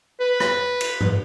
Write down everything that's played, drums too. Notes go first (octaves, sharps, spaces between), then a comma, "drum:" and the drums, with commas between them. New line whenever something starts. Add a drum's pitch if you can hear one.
B4
drum: rim click
drum: cymbal
drum: tom G#2